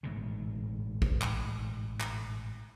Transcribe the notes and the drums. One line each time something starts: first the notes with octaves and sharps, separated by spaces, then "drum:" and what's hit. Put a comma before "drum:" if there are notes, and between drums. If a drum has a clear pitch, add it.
A1 G#2 B2 D3
drum: kick
drum: clap
drum: clap